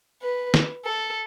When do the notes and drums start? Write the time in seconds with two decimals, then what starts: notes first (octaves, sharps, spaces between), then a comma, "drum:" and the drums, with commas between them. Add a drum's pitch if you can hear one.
0.22 B4
0.54 drum: snare
0.85 A4